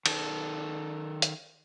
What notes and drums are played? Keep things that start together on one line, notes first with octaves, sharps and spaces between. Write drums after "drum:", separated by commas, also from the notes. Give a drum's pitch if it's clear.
D#3 A4, drum: cymbal
drum: hi-hat